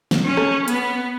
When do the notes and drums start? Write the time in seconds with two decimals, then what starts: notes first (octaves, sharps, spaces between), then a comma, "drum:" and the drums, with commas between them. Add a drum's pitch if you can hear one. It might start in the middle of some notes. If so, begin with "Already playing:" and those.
0.11 drum: snare
0.24 C#4
0.37 drum: rim click
0.68 B3, drum: hi-hat